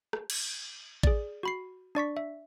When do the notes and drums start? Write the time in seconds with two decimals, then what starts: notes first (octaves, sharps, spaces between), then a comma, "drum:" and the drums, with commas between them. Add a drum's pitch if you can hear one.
0.13 drum: rim click
0.30 drum: cymbal
1.03 G#4 D5, drum: kick A1
1.43 F#4 B5 C7
1.95 D4 D5 C#6 B6
2.17 E5